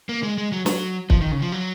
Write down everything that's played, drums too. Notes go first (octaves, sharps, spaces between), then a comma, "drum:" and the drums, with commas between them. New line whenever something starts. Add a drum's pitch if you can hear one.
A#3
G#3
G#3
F#3
F#3, drum: snare
F3, drum: kick
D#3
C#3
F3
F#3